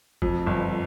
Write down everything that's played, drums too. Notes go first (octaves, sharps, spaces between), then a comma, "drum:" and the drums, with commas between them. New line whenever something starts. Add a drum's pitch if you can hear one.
F2, drum: kick F#1
G1